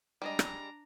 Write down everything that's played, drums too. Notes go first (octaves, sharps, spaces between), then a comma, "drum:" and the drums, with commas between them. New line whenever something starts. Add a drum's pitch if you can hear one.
G3 G#3 D4 D#5 A#5
drum: rim click